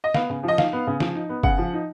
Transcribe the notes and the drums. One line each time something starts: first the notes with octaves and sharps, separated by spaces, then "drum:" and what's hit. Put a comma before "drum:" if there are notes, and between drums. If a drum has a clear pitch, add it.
D#5
B3 F5, drum: snare
C#3
F3 D#5
D#4 F5, drum: snare
B3
C#3
F3, drum: snare
D#4
B3
C#3 F#5, drum: kick F#1
F3
D#4